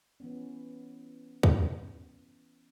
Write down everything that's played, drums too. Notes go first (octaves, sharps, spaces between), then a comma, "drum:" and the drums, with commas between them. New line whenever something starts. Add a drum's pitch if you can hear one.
E3 B3 C#4
drum: kick